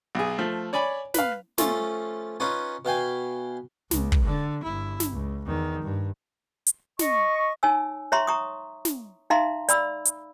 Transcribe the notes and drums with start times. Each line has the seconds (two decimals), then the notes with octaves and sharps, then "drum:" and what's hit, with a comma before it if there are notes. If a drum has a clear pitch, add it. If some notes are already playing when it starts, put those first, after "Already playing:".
0.15 B1 G#4
0.38 F3 A3
0.73 C#5 D5 G#5 B5
1.14 B4 F5, drum: snare
1.58 F3 A3 C#4 F4 A4, drum: snare
2.40 C#4 D#4 F4 B4 C#5
2.85 B2 F5 G5 G#5
3.91 C#2, drum: snare
4.12 drum: kick
4.24 D3
4.63 G1 E4
5.00 drum: snare
5.11 C#2
5.46 E2 D#3
5.82 G2
6.67 drum: hi-hat
6.99 D#5 C#6, drum: snare
7.63 D#4 C#5 G#5 E6
8.12 C#5 E5 A#5 C6 C#6
8.27 A#5 C#6 D#6
8.85 drum: snare
9.30 D#4 E5 F5 A#5 C6
9.69 D5 B5 E6, drum: hi-hat
10.05 drum: hi-hat